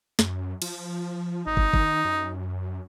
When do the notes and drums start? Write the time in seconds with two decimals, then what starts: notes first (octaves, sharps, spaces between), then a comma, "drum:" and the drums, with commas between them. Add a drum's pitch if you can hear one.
0.19 F#2, drum: snare
0.62 F3, drum: cymbal
1.47 G#1 D#4
1.57 drum: kick
1.73 D#3, drum: kick
2.05 F#2